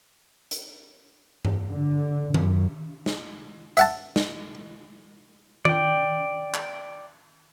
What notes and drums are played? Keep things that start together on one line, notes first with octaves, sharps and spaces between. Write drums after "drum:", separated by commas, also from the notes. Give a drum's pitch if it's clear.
drum: hi-hat
drum: tom G2
D3
F#2, drum: tom D#3
drum: snare
E5 F#5 A5, drum: hi-hat
drum: snare
D5 G5, drum: tom D#3
drum: clap